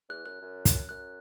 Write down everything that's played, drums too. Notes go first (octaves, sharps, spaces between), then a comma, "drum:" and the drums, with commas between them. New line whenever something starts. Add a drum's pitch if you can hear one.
E2 F#6
F#2 F#6
F#2
drum: kick, hi-hat
F#2 F#6